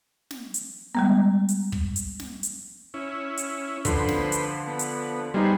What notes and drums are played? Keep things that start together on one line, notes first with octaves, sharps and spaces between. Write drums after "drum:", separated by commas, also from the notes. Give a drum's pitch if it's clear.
drum: snare
drum: hi-hat
G3 G#3 B3
drum: hi-hat
drum: kick
drum: hi-hat
drum: snare
drum: hi-hat
C#4 E4
drum: hi-hat
D3 F3 B4 C5, drum: kick, hi-hat
drum: snare
drum: hi-hat
B3
drum: hi-hat
G3 B3 D#4 G#4 C5